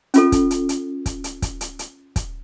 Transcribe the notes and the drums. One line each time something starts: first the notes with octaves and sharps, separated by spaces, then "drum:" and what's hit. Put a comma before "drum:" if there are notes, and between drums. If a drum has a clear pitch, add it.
C#4 F4 A4, drum: hi-hat
drum: kick, hi-hat
drum: hi-hat
drum: hi-hat
drum: kick, hi-hat
drum: hi-hat
drum: kick, hi-hat
drum: hi-hat
drum: hi-hat
drum: kick, hi-hat